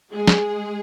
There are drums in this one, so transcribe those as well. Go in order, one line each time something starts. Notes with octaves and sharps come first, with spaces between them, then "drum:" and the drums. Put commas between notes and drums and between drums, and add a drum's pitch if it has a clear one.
G#3 G#4
drum: snare